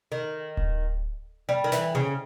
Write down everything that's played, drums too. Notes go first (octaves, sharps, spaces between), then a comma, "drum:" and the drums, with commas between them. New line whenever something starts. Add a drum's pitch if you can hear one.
D#3
drum: kick D1
G3
D#3
E3, drum: snare
C#3